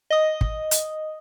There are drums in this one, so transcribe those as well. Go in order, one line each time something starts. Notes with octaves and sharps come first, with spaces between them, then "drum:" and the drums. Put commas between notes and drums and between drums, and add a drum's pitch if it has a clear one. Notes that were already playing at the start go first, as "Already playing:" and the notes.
D#5 D#6
drum: kick
drum: hi-hat